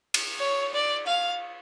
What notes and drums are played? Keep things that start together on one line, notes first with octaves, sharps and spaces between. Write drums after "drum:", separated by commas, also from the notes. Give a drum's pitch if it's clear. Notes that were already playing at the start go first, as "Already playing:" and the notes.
drum: cymbal
C#5
D5
F5